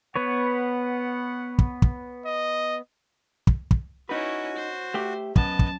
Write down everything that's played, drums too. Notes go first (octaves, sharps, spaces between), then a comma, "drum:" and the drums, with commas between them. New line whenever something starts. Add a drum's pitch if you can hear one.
B3 B4 C#5 F#5
drum: kick
drum: kick
D#5
drum: kick
drum: kick
C#4 D#4 E4 F#4 B4
C5
A3 G4
F#2 B3 D#5 A5, drum: kick
drum: kick